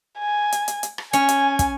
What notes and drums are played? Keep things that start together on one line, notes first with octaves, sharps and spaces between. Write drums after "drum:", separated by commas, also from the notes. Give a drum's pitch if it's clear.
G#5
drum: hi-hat
drum: hi-hat
drum: hi-hat
drum: rim click
C#4 G#5, drum: hi-hat
drum: hi-hat
drum: kick, hi-hat